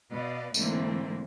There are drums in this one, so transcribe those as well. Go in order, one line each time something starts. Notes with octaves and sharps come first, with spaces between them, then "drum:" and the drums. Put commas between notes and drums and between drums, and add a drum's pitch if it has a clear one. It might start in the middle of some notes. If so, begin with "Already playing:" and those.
B2 B4 D5 D#5 F5
G#2 D3 E3 A3 A#3 C4, drum: tambourine